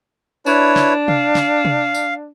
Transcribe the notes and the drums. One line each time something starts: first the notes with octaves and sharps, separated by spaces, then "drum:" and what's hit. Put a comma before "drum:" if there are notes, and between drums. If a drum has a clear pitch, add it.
D4 E4 B4 C#5, drum: tambourine
drum: snare
F5, drum: tom C3
drum: snare
drum: tom C3
drum: tambourine